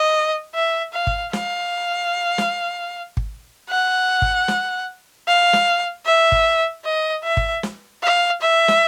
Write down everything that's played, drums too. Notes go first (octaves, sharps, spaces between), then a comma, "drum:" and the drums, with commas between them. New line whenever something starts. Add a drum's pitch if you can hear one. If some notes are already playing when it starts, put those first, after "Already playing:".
Already playing: D#5
E5
F5
drum: kick
F5, drum: snare
drum: snare
drum: kick
F#5
drum: kick
drum: snare
F5
drum: snare
E5
drum: kick
D#5
E5
drum: kick
drum: snare
F5
E5
drum: snare